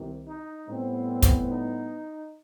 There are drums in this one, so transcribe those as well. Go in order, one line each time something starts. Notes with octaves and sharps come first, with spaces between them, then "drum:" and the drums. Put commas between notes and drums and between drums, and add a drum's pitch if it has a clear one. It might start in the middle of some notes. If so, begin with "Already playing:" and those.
Already playing: C2 C3 D#3
D#4
A2 G3 B3 C4
drum: kick, hi-hat
D#4